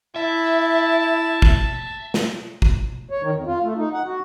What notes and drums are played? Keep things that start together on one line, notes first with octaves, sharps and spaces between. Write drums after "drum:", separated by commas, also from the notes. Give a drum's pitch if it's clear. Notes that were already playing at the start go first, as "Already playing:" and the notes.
E4 E5 A5
drum: kick
drum: snare
drum: kick
C#5
D#3
F2
F4
A3
D#4
F#5
F#4